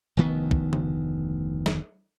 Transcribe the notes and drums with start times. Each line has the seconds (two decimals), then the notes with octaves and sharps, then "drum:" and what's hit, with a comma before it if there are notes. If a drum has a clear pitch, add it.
0.17 F1 D2 D#3 B3
0.51 drum: kick
0.73 drum: tom C#3
1.66 drum: snare